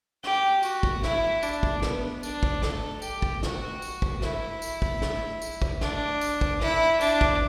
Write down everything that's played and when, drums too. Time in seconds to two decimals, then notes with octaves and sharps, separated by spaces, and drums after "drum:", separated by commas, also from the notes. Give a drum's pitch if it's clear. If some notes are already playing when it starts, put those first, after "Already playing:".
0.24 G4, drum: snare
0.63 F#4, drum: tambourine
0.83 drum: kick
1.03 E4, drum: snare
1.43 D4, drum: tambourine
1.63 drum: kick
1.82 B3, drum: snare
2.23 D4, drum: tambourine
2.43 drum: kick
2.62 A4, drum: snare
3.02 G4, drum: tambourine
3.22 drum: kick
3.43 F#4, drum: snare
3.82 drum: tambourine
4.02 drum: kick
4.22 E4, drum: snare
4.62 drum: tambourine
4.82 drum: kick
5.02 drum: snare
5.42 drum: tambourine
5.62 drum: kick
5.81 D4, drum: snare
6.21 drum: tambourine
6.41 drum: kick
6.61 E4, drum: snare
7.01 D4, drum: tambourine
7.21 drum: kick